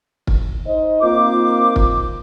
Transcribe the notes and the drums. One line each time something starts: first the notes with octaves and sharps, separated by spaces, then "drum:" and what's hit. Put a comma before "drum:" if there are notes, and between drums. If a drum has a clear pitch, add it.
drum: kick
D#4 C5 D#5
A#3 C4 D#4 F4 C5 D6
drum: kick